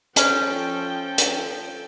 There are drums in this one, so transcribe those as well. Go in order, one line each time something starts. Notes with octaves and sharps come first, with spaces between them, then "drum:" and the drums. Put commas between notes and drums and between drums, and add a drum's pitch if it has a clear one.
F3 C#4 A4 G5, drum: hi-hat
drum: hi-hat